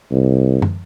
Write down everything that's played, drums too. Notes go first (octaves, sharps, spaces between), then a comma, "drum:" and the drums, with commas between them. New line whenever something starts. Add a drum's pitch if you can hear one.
C2
drum: tom